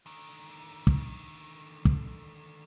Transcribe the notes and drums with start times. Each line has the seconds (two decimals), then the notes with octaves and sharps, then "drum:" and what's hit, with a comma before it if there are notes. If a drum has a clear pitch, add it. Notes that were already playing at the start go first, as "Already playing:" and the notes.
0.06 D3 D#3
0.87 drum: kick
1.85 drum: kick